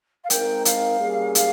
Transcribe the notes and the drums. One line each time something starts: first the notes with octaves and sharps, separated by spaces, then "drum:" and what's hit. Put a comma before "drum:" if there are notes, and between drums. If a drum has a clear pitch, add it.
F5
G#3 C4 D#4 A#4 G5, drum: hi-hat
F5, drum: hi-hat
G3 A#3 C#4 G#4
F5, drum: hi-hat